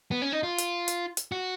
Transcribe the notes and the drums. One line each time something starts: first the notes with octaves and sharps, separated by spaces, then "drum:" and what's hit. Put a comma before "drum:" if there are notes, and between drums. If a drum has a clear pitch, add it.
B3
C#4
D#4
F4
drum: hi-hat
drum: hi-hat
drum: hi-hat
F#4